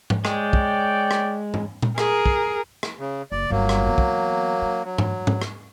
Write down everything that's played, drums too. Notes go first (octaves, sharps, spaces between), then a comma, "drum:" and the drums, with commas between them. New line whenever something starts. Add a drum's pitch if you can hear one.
drum: tom G#2
G#3 C#5 D5 G5, drum: rim click
drum: kick
drum: rim click
drum: tom G#2
drum: tom A#2
G#4 A#4, drum: rim click
drum: kick
drum: rim click
C#3
F#1 D5
G1 G2 F#3 A#3
drum: rim click
E3 B3
drum: kick
D4
F#3
drum: tom G#2
drum: tom G#2
drum: rim click